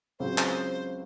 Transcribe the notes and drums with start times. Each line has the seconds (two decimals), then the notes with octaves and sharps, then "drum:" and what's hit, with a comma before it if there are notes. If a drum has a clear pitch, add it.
0.19 C#2 C#3 F#3 C4 C5
0.38 drum: clap